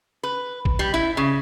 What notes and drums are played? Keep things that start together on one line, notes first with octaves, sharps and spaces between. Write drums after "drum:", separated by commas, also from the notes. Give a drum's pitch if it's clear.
B4
drum: kick
G3
E4
C#3